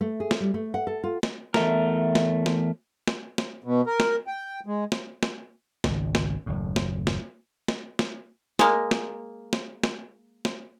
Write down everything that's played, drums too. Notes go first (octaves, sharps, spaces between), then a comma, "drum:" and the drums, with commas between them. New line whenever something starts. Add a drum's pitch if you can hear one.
A3
G#4
drum: snare
G3
A3
F#5
A4
F4
drum: snare
E2 A3 A#4, drum: snare
drum: snare
drum: snare
drum: snare
drum: snare
B2
A#4
drum: snare
G5
G#3
drum: snare
drum: snare
G#1 C#2, drum: snare
drum: snare
F#1 D#2 A2
drum: snare
drum: snare
drum: snare
drum: snare
G#3 A#3, drum: snare
drum: snare
drum: snare
drum: snare
drum: snare